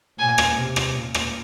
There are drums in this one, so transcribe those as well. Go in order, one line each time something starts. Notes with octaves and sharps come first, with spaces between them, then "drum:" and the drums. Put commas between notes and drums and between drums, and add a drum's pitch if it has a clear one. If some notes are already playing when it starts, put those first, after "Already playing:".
A#2 G#5
drum: rim click
C3
drum: rim click
A#2
drum: rim click